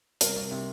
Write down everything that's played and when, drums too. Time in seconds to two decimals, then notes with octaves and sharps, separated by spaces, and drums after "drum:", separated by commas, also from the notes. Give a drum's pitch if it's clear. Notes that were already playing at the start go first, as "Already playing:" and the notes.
0.21 C2 A#4, drum: hi-hat
0.36 C2
0.51 C3